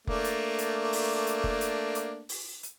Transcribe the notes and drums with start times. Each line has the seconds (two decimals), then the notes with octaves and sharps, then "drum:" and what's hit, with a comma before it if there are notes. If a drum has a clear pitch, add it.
0.07 A3 A#3 D4, drum: kick F1
0.24 drum: hi-hat
0.58 drum: hi-hat
0.93 drum: open hi-hat
1.27 drum: hi-hat
1.44 drum: kick F1
1.61 drum: hi-hat
1.95 drum: hi-hat
2.29 drum: open hi-hat
2.63 drum: hi-hat